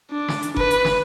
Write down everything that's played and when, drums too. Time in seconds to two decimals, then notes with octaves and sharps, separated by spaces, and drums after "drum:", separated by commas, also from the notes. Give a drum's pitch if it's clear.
0.11 D4
0.28 drum: snare
0.42 drum: hi-hat
0.56 B4, drum: kick F#1
0.71 drum: hi-hat
0.85 drum: snare